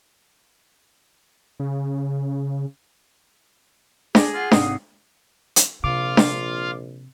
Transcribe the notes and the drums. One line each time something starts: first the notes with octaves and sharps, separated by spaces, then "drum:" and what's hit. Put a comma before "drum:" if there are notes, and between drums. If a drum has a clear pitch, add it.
C#3
D4 G#4 D6 A#6, drum: snare D4
F4 F5 F#5
G#1 G#2 C3 D#6, drum: snare D4
drum: hi-hat
A#1 C3 F4 F5 D6
drum: snare D4